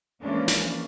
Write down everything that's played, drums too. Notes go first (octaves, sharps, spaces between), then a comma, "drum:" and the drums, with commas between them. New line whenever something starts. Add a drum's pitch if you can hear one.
E3 F3 G#3 A#3 C#4 D4
drum: snare